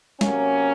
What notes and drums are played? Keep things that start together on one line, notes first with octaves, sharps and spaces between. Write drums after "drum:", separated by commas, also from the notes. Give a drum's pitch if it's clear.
C3 F#3 A#3 C#4, drum: snare